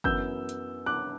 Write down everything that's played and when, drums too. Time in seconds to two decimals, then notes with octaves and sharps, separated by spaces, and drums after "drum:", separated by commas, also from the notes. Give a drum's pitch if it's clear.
0.04 F#2 E3 B3 E6 G6, drum: kick G1
0.49 drum: hi-hat
0.86 D6 F#6